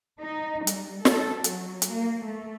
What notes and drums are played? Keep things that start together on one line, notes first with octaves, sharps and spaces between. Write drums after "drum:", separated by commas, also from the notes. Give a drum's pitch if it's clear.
D#4
G3, drum: hi-hat
A4, drum: snare
F#3, drum: hi-hat
drum: hi-hat
A#3
A3